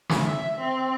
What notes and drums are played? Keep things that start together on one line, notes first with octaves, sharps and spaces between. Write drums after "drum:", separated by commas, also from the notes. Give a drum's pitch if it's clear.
drum: snare
E5
C4